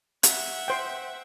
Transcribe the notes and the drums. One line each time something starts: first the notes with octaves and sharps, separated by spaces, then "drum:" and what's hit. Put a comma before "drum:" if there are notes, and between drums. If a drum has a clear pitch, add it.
E5 F#5, drum: hi-hat
C5 G5